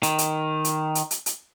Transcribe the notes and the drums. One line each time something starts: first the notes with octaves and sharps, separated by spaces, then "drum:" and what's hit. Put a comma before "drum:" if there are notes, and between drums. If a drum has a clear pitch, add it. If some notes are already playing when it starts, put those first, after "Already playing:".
D#3, drum: hi-hat
drum: hi-hat
drum: hi-hat
drum: hi-hat
drum: hi-hat
drum: hi-hat